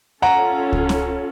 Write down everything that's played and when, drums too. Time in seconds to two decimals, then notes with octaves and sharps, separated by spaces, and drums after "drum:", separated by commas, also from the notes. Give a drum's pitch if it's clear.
0.22 C#4 F4 A4 F#5 A#5
0.72 drum: kick C#2
0.89 drum: snare C#4